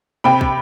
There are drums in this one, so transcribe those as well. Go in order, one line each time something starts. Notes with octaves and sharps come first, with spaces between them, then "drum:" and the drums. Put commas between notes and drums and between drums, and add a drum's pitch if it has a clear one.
C3 G5 B5
drum: kick